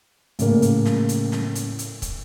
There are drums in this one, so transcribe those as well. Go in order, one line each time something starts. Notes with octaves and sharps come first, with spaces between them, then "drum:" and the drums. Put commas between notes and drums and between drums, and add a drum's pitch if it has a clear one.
A2 C#3 A#3, drum: hi-hat
drum: hi-hat
drum: snare
drum: hi-hat
drum: snare
drum: hi-hat
drum: hi-hat
drum: kick, hi-hat